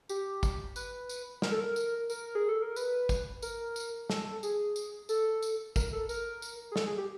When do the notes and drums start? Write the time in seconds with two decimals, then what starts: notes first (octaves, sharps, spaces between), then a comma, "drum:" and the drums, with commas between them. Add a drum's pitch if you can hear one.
0.09 G4, drum: tambourine
0.43 drum: kick, tambourine
0.76 B4, drum: tambourine
1.09 drum: tambourine
1.42 A#4, drum: snare
1.51 A4
1.60 A#4
1.76 drum: tambourine
2.10 A#4, drum: tambourine
2.35 G#4
2.49 A4
2.62 A#4
2.76 B4, drum: tambourine
3.09 drum: kick, tambourine
3.42 A#4, drum: tambourine
3.76 drum: tambourine
4.10 A4, drum: snare
4.25 A4
4.43 G#4, drum: tambourine
4.76 drum: tambourine
5.09 A4, drum: tambourine
5.42 drum: tambourine
5.76 A#4, drum: kick, tambourine
5.92 A4
6.09 A#4, drum: tambourine
6.42 drum: tambourine
6.72 G#4
6.76 A4, drum: snare
6.87 G#4
6.98 G4